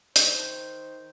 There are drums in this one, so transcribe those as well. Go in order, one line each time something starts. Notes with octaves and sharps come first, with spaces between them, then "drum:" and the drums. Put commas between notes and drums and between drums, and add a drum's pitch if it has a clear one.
D#3 C5 G6, drum: hi-hat